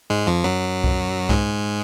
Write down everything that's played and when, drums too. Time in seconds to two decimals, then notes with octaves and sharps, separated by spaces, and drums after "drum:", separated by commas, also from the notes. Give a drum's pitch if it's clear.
0.10 G#2 G#3
0.27 F2 F3
0.44 F#2 F#3
0.84 drum: kick C2
1.29 G#2 G#3, drum: kick C2